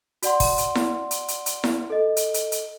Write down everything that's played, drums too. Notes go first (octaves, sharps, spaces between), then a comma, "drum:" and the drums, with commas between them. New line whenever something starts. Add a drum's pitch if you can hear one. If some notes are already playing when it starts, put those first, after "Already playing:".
F#4 D5 F#5 C6, drum: hi-hat
drum: kick, open hi-hat
drum: hi-hat
drum: snare E4
drum: hi-hat
drum: hi-hat
drum: hi-hat
drum: snare E4
A4 D#5
drum: hi-hat
drum: hi-hat
drum: hi-hat